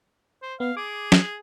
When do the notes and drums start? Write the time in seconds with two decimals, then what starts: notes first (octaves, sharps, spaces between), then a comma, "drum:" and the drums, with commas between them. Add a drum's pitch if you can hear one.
0.42 C5
0.60 B3 F5
0.77 G#4 D6
1.12 drum: snare